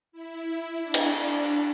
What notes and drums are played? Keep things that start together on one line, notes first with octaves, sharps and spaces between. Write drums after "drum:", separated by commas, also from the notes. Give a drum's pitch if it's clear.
E4
D4
drum: cymbal
D4